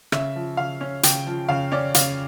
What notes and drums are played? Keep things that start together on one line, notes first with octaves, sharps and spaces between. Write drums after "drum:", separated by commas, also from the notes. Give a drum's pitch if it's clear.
C#3 E5, drum: rim click
F3
C#3 F5
C#4
C#3 G5, drum: hi-hat
F3
C#3 F5
C#4 D5
C#3 F5, drum: hi-hat